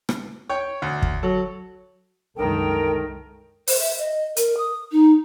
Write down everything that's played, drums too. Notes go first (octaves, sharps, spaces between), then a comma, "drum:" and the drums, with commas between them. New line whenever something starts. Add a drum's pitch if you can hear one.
drum: rim click
C#5 G5
D2
drum: kick
F#3 A4
C2 F#2 D3 D#3 G#3 A4 A#4 G5
C5, drum: open hi-hat
E5
D#5
A#4, drum: hi-hat
D#6
D#4